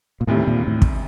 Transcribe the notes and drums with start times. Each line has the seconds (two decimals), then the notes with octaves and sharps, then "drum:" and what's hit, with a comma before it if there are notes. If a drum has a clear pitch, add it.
0.21 A#2
0.27 E1 D2 A2 C3 D#3 G3
0.47 A#2
0.67 A2
0.82 drum: kick